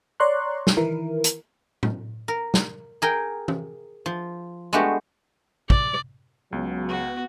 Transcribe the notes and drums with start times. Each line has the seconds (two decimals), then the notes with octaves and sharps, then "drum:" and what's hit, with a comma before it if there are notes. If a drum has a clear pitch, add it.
0.20 C#5 D5 A#5 C6 C#6 F#6
0.67 drum: snare
0.77 D#3 E3 E4 A#4
1.24 drum: hi-hat
1.83 drum: tom A2
2.28 A#4
2.54 drum: snare
3.02 G#4 A#4 G5
3.48 drum: tom E3
4.06 F3
4.73 G#3 A3 B3 D4 F#4 G4
5.70 D5, drum: kick
6.52 C#2 C#3 F#3 B3
6.89 F#4